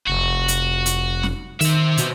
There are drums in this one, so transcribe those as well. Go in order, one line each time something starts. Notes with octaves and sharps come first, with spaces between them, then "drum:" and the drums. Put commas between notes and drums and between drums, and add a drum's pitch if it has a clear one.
F1 F#4
drum: hi-hat
drum: hi-hat
drum: snare
D#3 C4 E5, drum: open hi-hat
B2, drum: hi-hat